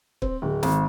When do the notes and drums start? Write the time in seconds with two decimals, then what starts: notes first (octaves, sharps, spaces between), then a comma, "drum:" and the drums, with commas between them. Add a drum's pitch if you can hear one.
0.22 C4, drum: kick
0.42 D1
0.63 G#1, drum: snare